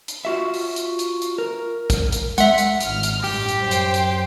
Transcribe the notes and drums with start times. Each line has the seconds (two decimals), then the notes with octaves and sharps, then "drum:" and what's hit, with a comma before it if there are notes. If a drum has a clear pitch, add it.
0.08 drum: hi-hat
0.25 F4 F#4 E5
0.54 drum: open hi-hat
0.76 drum: hi-hat
0.99 drum: hi-hat
1.22 drum: hi-hat
1.38 A#4
1.90 drum: kick, hi-hat
2.12 drum: hi-hat
2.38 G#3 E5 F#5, drum: hi-hat
2.58 drum: hi-hat
2.81 G#1 F6, drum: hi-hat
3.03 drum: hi-hat
3.24 A1 G2 G4, drum: open hi-hat
3.49 drum: hi-hat
3.62 F#2 C5 G5
3.71 drum: hi-hat
3.94 drum: hi-hat